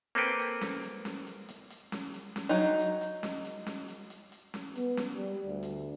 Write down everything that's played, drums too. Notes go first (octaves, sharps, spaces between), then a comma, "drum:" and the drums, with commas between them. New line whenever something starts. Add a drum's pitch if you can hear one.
A#3 C4 A4 B4 G5
drum: hi-hat
drum: snare C#4
drum: hi-hat
drum: snare C#4
drum: hi-hat
drum: hi-hat
drum: hi-hat
drum: snare C#4
drum: hi-hat
drum: snare C#4
F#3 D#4
drum: hi-hat
drum: hi-hat
drum: snare C#4
drum: hi-hat
drum: snare C#4
drum: hi-hat
drum: hi-hat
drum: hi-hat
drum: snare C#4
B3, drum: hi-hat
drum: snare C#4
G3
D2
drum: hi-hat